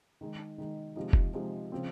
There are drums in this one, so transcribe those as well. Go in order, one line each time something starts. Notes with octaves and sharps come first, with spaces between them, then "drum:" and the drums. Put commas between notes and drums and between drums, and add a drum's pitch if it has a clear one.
D#3 G#3 D#4
D#3 G#3 D#4
C3 F3 G#3 D#4
drum: kick
C3 F3 G#3 D#4
C#3 F3 C4